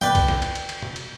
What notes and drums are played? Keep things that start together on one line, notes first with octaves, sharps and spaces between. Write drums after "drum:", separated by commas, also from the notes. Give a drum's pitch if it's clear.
B4 D5 G5, drum: tom
drum: kick B1, cymbal
drum: snare
drum: cymbal
drum: cymbal
drum: cymbal
drum: tom
drum: cymbal